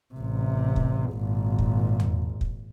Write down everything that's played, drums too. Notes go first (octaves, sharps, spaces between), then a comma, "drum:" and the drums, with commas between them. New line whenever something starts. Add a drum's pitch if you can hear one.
A1 C3
drum: kick
G#1 A#2
drum: kick
drum: tom E2
drum: kick